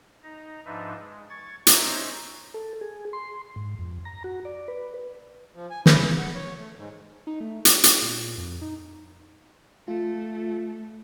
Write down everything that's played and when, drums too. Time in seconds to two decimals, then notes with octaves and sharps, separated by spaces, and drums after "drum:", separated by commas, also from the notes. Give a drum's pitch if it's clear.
0.23 D#4 A#5
0.65 G#2 F3 D4 D#4 B4 E5
0.97 G#3
1.29 C#6 G#6 A6
1.67 C#4 D#4 C5 C#5 E5 A#5, drum: hi-hat
2.54 A4
2.81 G#4
3.13 C6
3.56 G#2
3.79 F2
4.05 A#5
4.24 F#4
4.45 D5
4.68 B4
5.55 F3
5.70 G#5
5.86 E4, drum: snare
6.04 C#3
6.18 F#5
6.35 C#5
6.57 A3
6.76 G#2
7.27 D#4
7.40 A3
7.65 G3, drum: hi-hat
7.84 G#3, drum: hi-hat
8.02 A#2
8.38 F2
8.61 D#4
9.88 A3 F4